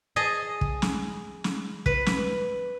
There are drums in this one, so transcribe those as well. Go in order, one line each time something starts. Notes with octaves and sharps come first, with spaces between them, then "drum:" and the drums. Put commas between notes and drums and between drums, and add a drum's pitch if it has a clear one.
G#4 D#5 A5
drum: kick
drum: snare
drum: snare
B4, drum: kick
drum: snare